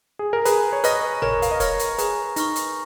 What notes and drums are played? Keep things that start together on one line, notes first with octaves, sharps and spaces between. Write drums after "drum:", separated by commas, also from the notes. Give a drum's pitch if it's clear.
G#4
A#4
G#4 B4 A#5, drum: hi-hat
C#5
B4 D#5 C#6 F6 A#6, drum: hi-hat
A#4 C#5 A#5, drum: tom G1
F5, drum: hi-hat
D#5
A#4 C#5 C#6 F6 A#6, drum: kick, hi-hat
drum: hi-hat
G#4 B4 A#5, drum: hi-hat
D#4 C#6 F6 A#6, drum: hi-hat
drum: hi-hat